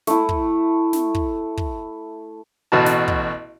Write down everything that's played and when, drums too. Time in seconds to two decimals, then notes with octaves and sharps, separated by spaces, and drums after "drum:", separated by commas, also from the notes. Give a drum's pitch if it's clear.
0.07 A3 E4, drum: snare
0.29 drum: kick
0.93 drum: snare
1.15 drum: kick
1.57 drum: kick
2.72 A1 B2 F#4 A5
2.86 drum: snare
3.08 drum: kick